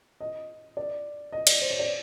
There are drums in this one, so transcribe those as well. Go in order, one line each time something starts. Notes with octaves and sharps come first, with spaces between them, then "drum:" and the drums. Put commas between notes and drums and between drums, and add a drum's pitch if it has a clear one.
D#5
D5
D#5
D5, drum: cymbal
C5
C#5
D5